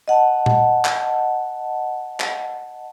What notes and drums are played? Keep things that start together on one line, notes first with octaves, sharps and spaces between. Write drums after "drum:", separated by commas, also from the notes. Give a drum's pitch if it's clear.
D#5 F#5 A5
drum: tom A#2
drum: clap
drum: clap